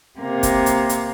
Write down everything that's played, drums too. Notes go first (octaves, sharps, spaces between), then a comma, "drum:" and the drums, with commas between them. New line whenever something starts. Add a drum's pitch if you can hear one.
C3 A#3
drum: kick, hi-hat
drum: hi-hat
drum: hi-hat